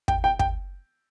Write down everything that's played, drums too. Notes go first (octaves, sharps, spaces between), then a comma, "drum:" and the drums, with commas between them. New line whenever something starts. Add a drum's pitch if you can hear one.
G5, drum: kick
G5
G5, drum: kick